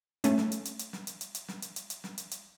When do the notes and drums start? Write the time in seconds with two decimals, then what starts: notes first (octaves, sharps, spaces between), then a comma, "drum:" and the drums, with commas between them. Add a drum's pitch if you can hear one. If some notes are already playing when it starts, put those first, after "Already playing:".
0.24 A3 C#4, drum: hi-hat
0.38 drum: snare
0.52 drum: hi-hat
0.65 drum: hi-hat
0.79 drum: hi-hat
0.93 drum: snare
1.07 drum: hi-hat
1.21 drum: hi-hat
1.35 drum: hi-hat
1.48 drum: snare
1.62 drum: hi-hat
1.76 drum: hi-hat
1.90 drum: hi-hat
2.04 drum: snare
2.18 drum: hi-hat
2.31 drum: hi-hat